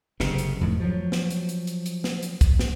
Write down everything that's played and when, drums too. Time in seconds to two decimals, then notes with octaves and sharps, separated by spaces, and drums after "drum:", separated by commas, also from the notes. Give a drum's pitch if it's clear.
0.20 F#1 C3, drum: snare
0.38 drum: hi-hat
0.61 F2 A2 D#3
0.80 F3 F#3
1.12 drum: snare
1.30 drum: hi-hat
1.49 drum: hi-hat
1.67 drum: hi-hat
1.86 drum: hi-hat
2.04 drum: snare
2.23 drum: hi-hat
2.41 drum: kick, hi-hat
2.59 drum: snare